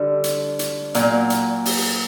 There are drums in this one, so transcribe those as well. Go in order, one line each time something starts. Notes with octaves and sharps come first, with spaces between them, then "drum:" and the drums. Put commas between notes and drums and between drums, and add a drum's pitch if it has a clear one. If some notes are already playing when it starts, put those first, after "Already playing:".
Already playing: D3 G3
drum: hi-hat
drum: hi-hat
A#2 F#3 A#3 D5, drum: hi-hat
drum: hi-hat
drum: open hi-hat